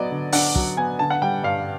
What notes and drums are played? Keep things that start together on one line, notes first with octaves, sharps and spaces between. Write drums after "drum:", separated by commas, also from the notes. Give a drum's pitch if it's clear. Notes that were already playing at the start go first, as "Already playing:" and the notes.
Already playing: F#3 B3 D5 D#5
D3
D4 F#5, drum: open hi-hat
F#3, drum: kick
B3 G#5
D3 A5
F#5
G3 G5
G2 F5